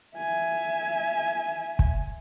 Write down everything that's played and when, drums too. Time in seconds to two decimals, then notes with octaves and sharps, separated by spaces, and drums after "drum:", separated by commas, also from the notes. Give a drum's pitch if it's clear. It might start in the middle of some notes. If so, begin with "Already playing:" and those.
0.17 E5 G#5
1.79 drum: kick